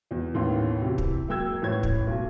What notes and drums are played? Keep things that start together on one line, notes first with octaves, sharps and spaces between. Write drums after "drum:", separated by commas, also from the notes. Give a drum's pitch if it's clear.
E2
A1 D#2 A2 B3 C#4 C6
C3 E3
drum: kick
F#2 A#3 G5 E6 G#6
A1 A2 B4 C#5 G#6
drum: kick
B1 B2